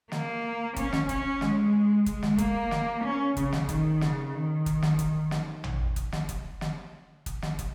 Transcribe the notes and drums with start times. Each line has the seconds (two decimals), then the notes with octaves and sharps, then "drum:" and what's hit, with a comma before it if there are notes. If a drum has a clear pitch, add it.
0.12 A#3, drum: snare
0.76 C#4, drum: kick, hi-hat
0.93 drum: snare
1.09 C#4, drum: kick, hi-hat
1.41 G#3, drum: snare
2.06 G#3, drum: kick, hi-hat
2.23 drum: snare
2.38 A#3, drum: kick, hi-hat
2.71 drum: snare
3.03 C#4
3.37 C#3, drum: kick, hi-hat
3.52 drum: snare
3.69 D#3, drum: kick, hi-hat
4.01 C#3, drum: snare
4.34 D#3
4.66 drum: kick, hi-hat
4.82 drum: snare
4.99 drum: kick, hi-hat
5.31 drum: snare
5.64 drum: tom A1
5.96 drum: kick, hi-hat
6.12 drum: snare
6.29 drum: kick, hi-hat
6.61 drum: snare
7.26 drum: kick, hi-hat
7.42 drum: snare
7.59 drum: kick, hi-hat